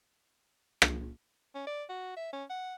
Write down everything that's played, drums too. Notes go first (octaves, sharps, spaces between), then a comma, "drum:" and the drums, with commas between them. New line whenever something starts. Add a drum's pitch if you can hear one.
drum: rim click
C#4
D5
F#4
E5
C#4
F#5